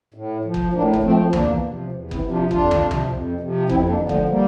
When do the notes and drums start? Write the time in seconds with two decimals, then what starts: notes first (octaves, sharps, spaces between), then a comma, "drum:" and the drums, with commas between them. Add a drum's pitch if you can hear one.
0.14 A2
0.45 F3
0.54 drum: kick F#1
0.73 A2 A#3 D4
0.93 drum: kick F#1
1.03 F3 A3 C4
1.33 E2 A#3 D4, drum: tom
1.63 C3 F3
1.92 E2
2.11 C4 E4, drum: kick F#1
2.21 C3 F3
2.32 D4 F4
2.51 F2 D4 F4, drum: kick F#1
2.71 drum: tom
2.81 C3 F3
2.91 drum: tom
3.10 F2
3.41 C3 F3
3.69 F2 C4 E4, drum: kick F#1
3.89 A#3 D4
4.00 D3 F3
4.09 A3 C4, drum: kick F#1
4.29 G3 A#3